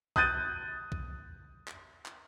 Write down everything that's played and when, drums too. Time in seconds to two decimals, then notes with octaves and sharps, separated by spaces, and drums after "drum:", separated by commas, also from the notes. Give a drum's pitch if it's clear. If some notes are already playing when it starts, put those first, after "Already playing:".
0.16 D#6 F#6 G6 A6 D#7, drum: kick B1
0.92 drum: kick B1
1.68 drum: clap
2.06 drum: clap